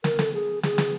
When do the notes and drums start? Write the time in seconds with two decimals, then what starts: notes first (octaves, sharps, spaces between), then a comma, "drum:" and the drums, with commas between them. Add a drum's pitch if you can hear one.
0.04 A#4, drum: snare
0.19 A4, drum: snare
0.34 G#4
0.63 G#4, drum: snare
0.78 drum: snare